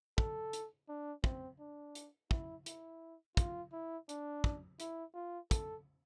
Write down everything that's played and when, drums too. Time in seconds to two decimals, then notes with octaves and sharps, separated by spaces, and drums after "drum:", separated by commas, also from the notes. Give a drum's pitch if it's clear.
0.18 A4, drum: kick
0.53 drum: hi-hat
0.89 D4
1.24 C4, drum: kick
1.60 D4
1.95 drum: hi-hat
2.31 E4, drum: kick
2.66 E4, drum: hi-hat
3.37 F4, drum: kick, hi-hat
3.73 E4
4.09 D4, drum: hi-hat
4.44 drum: kick
4.80 E4, drum: hi-hat
5.14 F4
5.51 A4, drum: kick, hi-hat